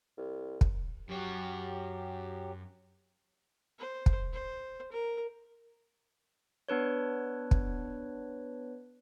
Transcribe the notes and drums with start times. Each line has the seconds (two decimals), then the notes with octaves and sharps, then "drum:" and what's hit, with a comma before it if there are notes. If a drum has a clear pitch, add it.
0.18 C2
0.61 drum: kick
1.09 F#2 F#3 G4 C#5
3.79 C5
4.06 drum: kick
4.33 C5
4.92 A#4
6.68 B3 D4 B4 C#5
7.51 drum: kick